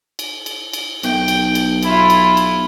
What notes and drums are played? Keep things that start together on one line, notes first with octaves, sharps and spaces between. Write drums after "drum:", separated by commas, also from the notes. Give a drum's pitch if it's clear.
drum: cymbal
drum: cymbal
drum: cymbal
B1 G5, drum: cymbal
drum: cymbal
drum: cymbal
E4 F4, drum: cymbal
drum: cymbal
drum: cymbal